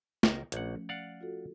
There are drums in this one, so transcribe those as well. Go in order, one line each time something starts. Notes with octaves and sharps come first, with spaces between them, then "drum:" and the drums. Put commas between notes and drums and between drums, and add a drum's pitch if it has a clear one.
C#2 A#4, drum: snare
A#1 F3 A3 C#4 F#5, drum: hi-hat
D5 F5 F#5
F4 F#4 A4